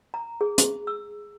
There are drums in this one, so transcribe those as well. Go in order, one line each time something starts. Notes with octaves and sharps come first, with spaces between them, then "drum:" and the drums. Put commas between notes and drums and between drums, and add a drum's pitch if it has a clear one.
A#5
G#4
drum: hi-hat
E6